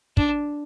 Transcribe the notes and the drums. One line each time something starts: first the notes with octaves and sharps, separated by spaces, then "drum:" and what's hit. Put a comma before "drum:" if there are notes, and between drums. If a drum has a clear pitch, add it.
D4, drum: kick